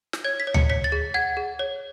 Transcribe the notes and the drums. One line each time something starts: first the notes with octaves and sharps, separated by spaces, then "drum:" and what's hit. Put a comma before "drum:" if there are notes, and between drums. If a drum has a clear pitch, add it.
drum: snare
C#5 G#6
B6
C#5
C#7, drum: tom C#2
C#5 B6
A6
G#4
F#5 G#6
G#4
C#5